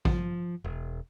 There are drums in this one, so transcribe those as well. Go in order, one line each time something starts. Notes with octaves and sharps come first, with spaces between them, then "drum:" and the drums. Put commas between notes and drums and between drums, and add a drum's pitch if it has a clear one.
F3, drum: kick A1
E1